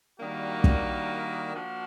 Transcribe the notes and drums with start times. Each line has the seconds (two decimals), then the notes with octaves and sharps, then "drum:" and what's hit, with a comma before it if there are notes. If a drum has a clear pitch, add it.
0.19 D#3 G3 A#3 D4 F#4
0.64 drum: kick
1.53 F3 A#3 D4 F#4